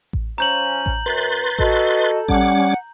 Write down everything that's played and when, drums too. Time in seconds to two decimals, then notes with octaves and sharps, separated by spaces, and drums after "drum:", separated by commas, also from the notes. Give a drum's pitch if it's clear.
0.13 drum: kick A1
0.38 F3 C#4 A#5 G6 F#7
0.86 drum: kick A1
1.06 F#2 B4 C6 A6
1.59 F#4 A4 D#5, drum: kick A1
2.28 G3 C#4 F#5 D6, drum: kick A1